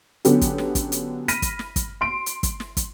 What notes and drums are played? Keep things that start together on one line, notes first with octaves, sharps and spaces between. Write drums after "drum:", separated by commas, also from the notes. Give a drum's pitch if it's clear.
D3 F#3 B3 C#4 G4, drum: hi-hat
drum: kick, hi-hat
drum: snare
drum: kick, hi-hat
drum: hi-hat
B5 F6 A#6 B6 D#7, drum: hi-hat
drum: kick, hi-hat
drum: snare
drum: kick, hi-hat
C6 D7
drum: hi-hat
drum: kick, hi-hat
drum: snare
drum: kick, hi-hat